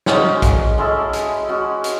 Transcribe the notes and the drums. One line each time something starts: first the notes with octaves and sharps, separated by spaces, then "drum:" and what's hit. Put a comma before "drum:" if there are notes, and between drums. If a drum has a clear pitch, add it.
G#3 C#4 F#4, drum: snare
drum: kick, hi-hat
G#3 C#4 E4 A4
drum: hi-hat
G#3 C#4 F#4
drum: hi-hat